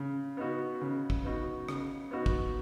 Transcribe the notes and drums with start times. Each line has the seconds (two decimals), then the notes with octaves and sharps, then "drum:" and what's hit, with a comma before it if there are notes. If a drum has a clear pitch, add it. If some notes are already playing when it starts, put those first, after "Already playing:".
Already playing: C#3
0.37 B3 D#4 F#4
0.81 C#3
1.10 drum: kick
1.24 B3 D#4 F#4
1.69 C#3, drum: rim click
2.11 B3 D#4 F#4
2.26 drum: kick